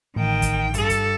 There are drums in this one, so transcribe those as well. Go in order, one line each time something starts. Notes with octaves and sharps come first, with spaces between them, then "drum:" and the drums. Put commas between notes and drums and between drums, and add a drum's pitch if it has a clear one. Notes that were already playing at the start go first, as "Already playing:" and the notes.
A1 D#3 G5
drum: kick, hi-hat
G2 A4, drum: hi-hat
drum: kick, hi-hat